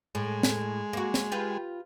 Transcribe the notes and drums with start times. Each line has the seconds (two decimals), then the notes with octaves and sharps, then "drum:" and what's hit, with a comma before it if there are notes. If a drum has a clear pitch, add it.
0.15 A2 G#3
0.43 drum: snare
0.93 A#3 F#4
1.14 drum: snare
1.32 F4 G4 B4